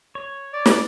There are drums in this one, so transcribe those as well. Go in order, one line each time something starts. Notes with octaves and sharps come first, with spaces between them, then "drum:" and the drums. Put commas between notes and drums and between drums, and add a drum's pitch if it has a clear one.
C#5
D5
drum: snare